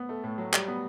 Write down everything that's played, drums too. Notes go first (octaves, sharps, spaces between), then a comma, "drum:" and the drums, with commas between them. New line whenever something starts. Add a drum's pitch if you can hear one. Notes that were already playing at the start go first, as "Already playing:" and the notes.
Already playing: B3
A3
A2
F#3
G3, drum: clap
B3